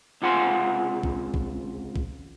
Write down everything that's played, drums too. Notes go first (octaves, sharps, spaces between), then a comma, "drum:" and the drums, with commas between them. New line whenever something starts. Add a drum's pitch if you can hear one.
C#2 C3 F4 F#5 G#5 C6
drum: kick A#1
drum: kick A#1
drum: kick A#1